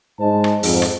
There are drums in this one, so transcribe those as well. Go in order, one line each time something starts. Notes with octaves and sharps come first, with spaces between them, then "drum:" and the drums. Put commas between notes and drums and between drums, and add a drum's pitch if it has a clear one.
G#2 G#3 D#4 C5 A5
drum: rim click
F2 G#2, drum: open hi-hat
drum: rim click